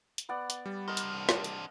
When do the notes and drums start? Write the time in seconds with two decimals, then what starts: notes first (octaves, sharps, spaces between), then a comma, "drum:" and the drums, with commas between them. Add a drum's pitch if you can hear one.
0.18 drum: hi-hat
0.29 B3 D5 F#5
0.50 drum: hi-hat
0.66 G3
0.88 D4 A#4 C5 D#5
0.97 drum: hi-hat
1.29 drum: snare
1.44 drum: hi-hat